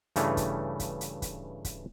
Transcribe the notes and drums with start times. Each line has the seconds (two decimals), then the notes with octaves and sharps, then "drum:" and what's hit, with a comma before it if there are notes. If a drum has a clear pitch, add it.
0.16 G2 C#3 E3 A3, drum: hi-hat
0.37 drum: kick, hi-hat
0.80 drum: kick, hi-hat
1.01 drum: hi-hat
1.22 drum: kick, hi-hat
1.65 drum: kick, hi-hat